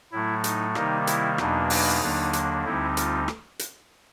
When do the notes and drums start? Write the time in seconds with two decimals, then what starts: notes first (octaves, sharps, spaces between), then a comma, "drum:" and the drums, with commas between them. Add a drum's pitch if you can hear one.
0.12 A2 F#3 A3 E4
0.44 D#4, drum: hi-hat
0.75 C3 D#3 G3 A#3 D#4, drum: rim click
1.07 E4, drum: hi-hat
1.38 E2 B2 F#3 A#3 D4 D#4, drum: rim click
1.70 D#4, drum: open hi-hat
2.02 D#2 D3 F#3 A#3 D4
2.33 drum: hi-hat
2.65 D2 D3 G3 C4 D#4 E4
2.97 F4, drum: hi-hat
3.28 drum: rim click
3.59 drum: hi-hat